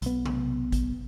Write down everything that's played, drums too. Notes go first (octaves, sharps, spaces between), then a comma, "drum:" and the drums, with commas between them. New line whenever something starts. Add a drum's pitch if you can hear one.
B1 B3, drum: hi-hat
drum: tom C3
drum: kick, hi-hat